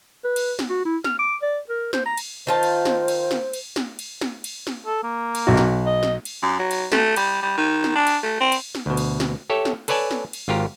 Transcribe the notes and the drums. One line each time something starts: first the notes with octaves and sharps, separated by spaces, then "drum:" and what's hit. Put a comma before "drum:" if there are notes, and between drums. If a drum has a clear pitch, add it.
B4
drum: cymbal
drum: snare
F#4
E4
F6, drum: snare
D6
D5
A#4
C5, drum: snare
A#5
drum: cymbal
D#3 F4 C5 A5
drum: cymbal
drum: snare
drum: cymbal
drum: snare
drum: cymbal
drum: snare
drum: cymbal
drum: snare
drum: cymbal
drum: snare
A4
A#3
drum: cymbal
B1 F#4
drum: snare
D#5
drum: snare
drum: cymbal
F#2
F#3
drum: cymbal
A3, drum: snare
G3, drum: cymbal
G3
D#3
drum: snare
D4
drum: cymbal
A3
C4
drum: cymbal
drum: snare
D2 B2
drum: cymbal
drum: snare
G4 A4 C#5 E5
drum: snare
A4 B4 C#5 D5 G#5 A5, drum: cymbal
drum: snare
drum: cymbal
G#1 F4 G4 A#4